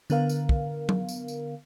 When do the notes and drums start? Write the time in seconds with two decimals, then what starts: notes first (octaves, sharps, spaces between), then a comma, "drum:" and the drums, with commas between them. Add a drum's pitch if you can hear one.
0.10 D3 B3 A#4 F5, drum: tambourine
0.30 drum: tambourine
0.49 drum: kick
0.89 drum: tom F#3
1.09 drum: tambourine
1.28 drum: tambourine